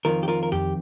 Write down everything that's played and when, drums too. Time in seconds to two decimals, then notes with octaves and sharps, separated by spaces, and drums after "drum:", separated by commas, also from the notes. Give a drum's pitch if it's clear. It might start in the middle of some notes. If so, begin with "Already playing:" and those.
0.05 F2 C3 D#3 F4 A#4
0.23 G4
0.28 F4 A#4
0.43 A#4
0.52 G4, drum: tom F2